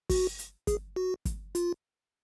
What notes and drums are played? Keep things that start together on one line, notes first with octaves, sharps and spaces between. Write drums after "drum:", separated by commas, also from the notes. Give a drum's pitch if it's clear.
F#4, drum: kick, open hi-hat
drum: hi-hat
G#4, drum: kick, hi-hat
F#4
drum: kick, hi-hat
F4, drum: hi-hat